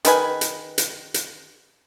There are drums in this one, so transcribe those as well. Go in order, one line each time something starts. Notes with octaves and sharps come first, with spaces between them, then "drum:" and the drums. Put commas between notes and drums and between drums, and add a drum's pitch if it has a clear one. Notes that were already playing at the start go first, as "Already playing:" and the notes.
D#3 G#4 B4 G#5, drum: hi-hat
drum: hi-hat
drum: hi-hat
drum: hi-hat